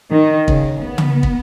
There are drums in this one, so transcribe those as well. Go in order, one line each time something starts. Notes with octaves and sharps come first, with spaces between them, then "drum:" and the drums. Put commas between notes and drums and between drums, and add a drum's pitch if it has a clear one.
D#3
C#3, drum: kick
B3
drum: tom C#3
drum: kick